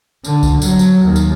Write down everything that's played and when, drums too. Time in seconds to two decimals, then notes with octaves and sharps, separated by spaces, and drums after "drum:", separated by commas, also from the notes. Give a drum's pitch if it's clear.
0.25 D3, drum: tambourine
0.43 drum: kick C2, tambourine
0.62 F#3, drum: tambourine
0.79 drum: tambourine
1.04 D#2
1.16 drum: tambourine